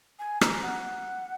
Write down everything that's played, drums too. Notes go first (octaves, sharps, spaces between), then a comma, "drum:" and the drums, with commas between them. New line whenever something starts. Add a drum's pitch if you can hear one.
G#5
A#5, drum: rim click
F#5